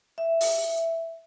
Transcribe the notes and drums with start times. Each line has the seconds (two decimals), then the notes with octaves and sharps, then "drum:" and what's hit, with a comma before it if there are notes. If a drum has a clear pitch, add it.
0.18 E5
0.41 drum: open hi-hat